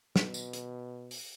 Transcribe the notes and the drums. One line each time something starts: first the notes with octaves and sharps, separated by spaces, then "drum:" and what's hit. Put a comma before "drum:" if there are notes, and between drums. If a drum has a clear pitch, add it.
B2, drum: snare
drum: tambourine
drum: hi-hat
drum: open hi-hat